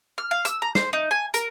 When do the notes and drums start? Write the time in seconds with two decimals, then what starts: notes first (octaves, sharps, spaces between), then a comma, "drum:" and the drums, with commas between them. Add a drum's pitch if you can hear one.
0.18 F6
0.31 F5
0.45 E6, drum: hi-hat
0.62 A#5
0.75 C5, drum: snare
0.93 D#4
1.11 G#5
1.34 A#4, drum: hi-hat